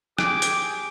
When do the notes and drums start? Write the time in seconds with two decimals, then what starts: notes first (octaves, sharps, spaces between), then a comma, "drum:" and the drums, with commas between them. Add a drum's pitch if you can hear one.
0.18 G4 G#4 D6, drum: rim click
0.42 drum: hi-hat